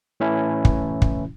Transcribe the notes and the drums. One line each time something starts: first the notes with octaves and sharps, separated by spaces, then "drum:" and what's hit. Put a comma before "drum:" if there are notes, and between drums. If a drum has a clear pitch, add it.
A2 E3 C#4 E4
drum: kick
drum: kick